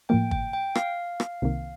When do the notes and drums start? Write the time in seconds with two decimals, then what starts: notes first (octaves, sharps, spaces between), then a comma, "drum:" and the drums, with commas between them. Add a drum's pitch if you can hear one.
0.09 A2 F3 A#3 G5
0.31 G5, drum: kick
0.53 G5
0.75 F5, drum: rim click
1.20 drum: rim click
1.42 C2 C3 D#3 A#3